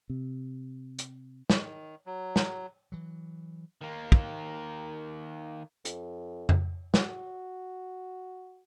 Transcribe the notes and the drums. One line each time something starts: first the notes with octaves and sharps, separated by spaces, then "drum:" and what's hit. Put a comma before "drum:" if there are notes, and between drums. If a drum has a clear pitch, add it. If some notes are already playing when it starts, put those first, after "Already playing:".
C3
drum: hi-hat
D#3, drum: snare
F#3
drum: snare
E3 F#3
D#3 A#3
drum: kick
F2, drum: hi-hat
drum: tom F2
F#4, drum: snare